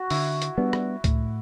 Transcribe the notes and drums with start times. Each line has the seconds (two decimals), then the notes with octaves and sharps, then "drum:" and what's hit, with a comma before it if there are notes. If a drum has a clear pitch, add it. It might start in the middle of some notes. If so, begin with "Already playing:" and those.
Already playing: F#4
0.10 D3 E4, drum: open hi-hat
0.42 drum: hi-hat
0.58 G3 B3 D4
0.73 drum: rim click
1.04 A2, drum: kick C#2, hi-hat